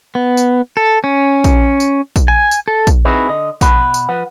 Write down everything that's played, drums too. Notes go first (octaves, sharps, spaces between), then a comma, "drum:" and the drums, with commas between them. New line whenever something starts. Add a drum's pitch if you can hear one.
B3
drum: tambourine
A4
C#4
drum: kick A#1, tambourine
drum: tambourine
drum: kick A#1, tambourine
G#5
drum: tambourine
A4
drum: kick A#1, tambourine
C4 D#4 E4 F#4 G#4 B4
D3 D#5
B2 F#5 B5, drum: kick A#1, tambourine
drum: tambourine
F3 B4 F#5